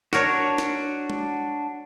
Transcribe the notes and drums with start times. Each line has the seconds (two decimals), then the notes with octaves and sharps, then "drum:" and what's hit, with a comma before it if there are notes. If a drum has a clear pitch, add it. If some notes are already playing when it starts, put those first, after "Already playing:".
0.13 D4 F#4 A#4 C#5, drum: snare
0.58 drum: snare
1.10 drum: tom G#3